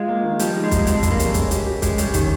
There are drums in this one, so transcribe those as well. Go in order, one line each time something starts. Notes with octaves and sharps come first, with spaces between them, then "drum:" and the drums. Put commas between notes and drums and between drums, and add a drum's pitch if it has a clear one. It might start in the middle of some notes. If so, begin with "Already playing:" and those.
Already playing: G#3 F4
A#3
D#3
F3 G3, drum: hi-hat
D#4
G#3
G4, drum: kick, hi-hat
F2 G#3, drum: hi-hat
G3, drum: kick, hi-hat
A#3
C#4, drum: hi-hat
G#3, drum: kick, hi-hat
G4, drum: hi-hat
G4
G#3 G4, drum: kick, hi-hat
G3 C#4, drum: hi-hat
D#3 G4, drum: kick, hi-hat